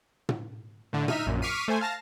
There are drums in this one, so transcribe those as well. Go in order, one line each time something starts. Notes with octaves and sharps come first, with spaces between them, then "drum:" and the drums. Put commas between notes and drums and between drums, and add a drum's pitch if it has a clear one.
drum: tom
A2 D3
D#4 E5 F6 B6 D#7, drum: tom
A#1 F#2 A#2
C#6 D6 F6 B6 C7 D#7
A3 C5 G#5
F5 A5 A#6